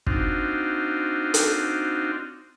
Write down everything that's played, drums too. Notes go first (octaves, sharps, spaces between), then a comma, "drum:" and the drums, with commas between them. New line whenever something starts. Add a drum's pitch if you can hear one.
C4 D4 D#4 F4 F#4, drum: kick
drum: hi-hat